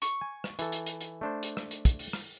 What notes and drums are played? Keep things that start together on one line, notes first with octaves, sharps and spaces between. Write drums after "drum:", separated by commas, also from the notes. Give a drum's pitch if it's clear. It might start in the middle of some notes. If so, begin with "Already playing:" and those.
C#6, drum: hi-hat
G#5
drum: rim click
E3 A4, drum: hi-hat
drum: hi-hat
drum: hi-hat
drum: hi-hat
A3 D4 C5
drum: hi-hat
drum: rim click
drum: hi-hat
drum: kick, hi-hat
drum: open hi-hat
drum: rim click